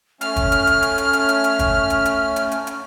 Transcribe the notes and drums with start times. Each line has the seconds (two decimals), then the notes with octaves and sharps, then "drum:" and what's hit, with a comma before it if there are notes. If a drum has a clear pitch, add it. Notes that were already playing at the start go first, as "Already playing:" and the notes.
0.21 A3 C#4 F6, drum: hi-hat
0.36 drum: kick, hi-hat
0.52 drum: hi-hat
0.67 drum: hi-hat
0.82 drum: hi-hat
0.98 drum: hi-hat
1.13 drum: hi-hat
1.29 drum: hi-hat
1.44 drum: hi-hat
1.59 drum: kick, hi-hat
1.90 drum: hi-hat
2.05 drum: hi-hat
2.36 drum: hi-hat
2.52 drum: hi-hat
2.67 drum: hi-hat